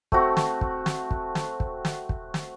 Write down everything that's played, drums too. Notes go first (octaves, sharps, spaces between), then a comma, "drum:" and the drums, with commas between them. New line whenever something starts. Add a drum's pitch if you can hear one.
A3 C4 F#4, drum: kick
drum: snare
drum: kick
drum: snare
drum: kick
drum: snare
drum: kick
drum: snare
drum: kick
drum: snare